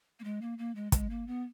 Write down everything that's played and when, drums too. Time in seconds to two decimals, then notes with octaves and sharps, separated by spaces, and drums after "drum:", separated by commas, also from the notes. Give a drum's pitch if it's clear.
0.20 A#3
0.24 G#3
0.42 A#3
0.58 A#3
0.75 G#3
0.92 G#3, drum: kick, hi-hat
1.10 A#3
1.27 B3